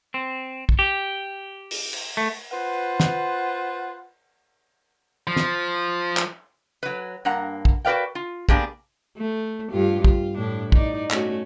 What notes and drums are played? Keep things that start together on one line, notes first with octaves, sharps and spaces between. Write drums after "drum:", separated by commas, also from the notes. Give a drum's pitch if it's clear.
C4
drum: kick
G4
drum: open hi-hat
drum: cymbal
A3
F4 B4 C5 F#5
drum: snare
F3
drum: snare
drum: clap
F#3 B4
G2 A#3 F#5 A#5
drum: kick
F#4 A#4 B4 D5 F5 G5
F4
A#3 B3 D4 G4 G#4 A#4, drum: kick
A3
G2 F4 G4
F4, drum: kick
A2 D4 E4
D#4 D5, drum: kick
A3 C#4 F#4, drum: clap